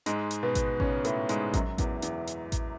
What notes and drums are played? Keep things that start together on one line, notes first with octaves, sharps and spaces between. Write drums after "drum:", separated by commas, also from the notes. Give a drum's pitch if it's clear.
G#2 G#3, drum: hi-hat
drum: hi-hat
B2 B3
drum: kick A1, hi-hat
C#3 C#4, drum: kick A1
A2 A3, drum: hi-hat
G#2 G#3, drum: hi-hat
F#2 F#3, drum: kick A1, hi-hat
E2 E3, drum: kick A1, hi-hat
E2 E3, drum: hi-hat
drum: hi-hat
drum: kick A1, hi-hat